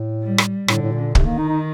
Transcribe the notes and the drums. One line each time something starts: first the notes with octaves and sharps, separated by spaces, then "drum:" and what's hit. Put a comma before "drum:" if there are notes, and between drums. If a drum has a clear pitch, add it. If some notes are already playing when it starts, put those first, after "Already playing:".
Already playing: A2
G3
drum: rim click
A2 D3, drum: rim click
A2
A#2
C3 D#3, drum: kick
A#3
D#4
D#4